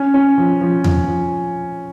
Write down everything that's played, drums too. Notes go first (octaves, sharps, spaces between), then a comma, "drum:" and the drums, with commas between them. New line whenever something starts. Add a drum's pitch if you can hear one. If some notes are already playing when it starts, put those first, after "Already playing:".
Already playing: C#4
C#4
F3
F3
F3, drum: tom E2
F3